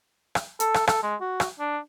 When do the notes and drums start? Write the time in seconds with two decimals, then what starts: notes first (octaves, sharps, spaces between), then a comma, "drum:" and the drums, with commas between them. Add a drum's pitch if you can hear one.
0.35 drum: rim click
0.60 A4, drum: hi-hat
0.74 drum: rim click
0.87 A4, drum: rim click
1.03 G#3
1.21 F#4
1.40 drum: rim click
1.60 D4